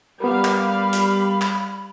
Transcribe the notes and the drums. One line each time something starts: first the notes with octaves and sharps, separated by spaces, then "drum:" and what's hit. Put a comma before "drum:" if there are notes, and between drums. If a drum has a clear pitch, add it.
G3 B3 A#4 F5 B5
drum: clap
drum: hi-hat
drum: clap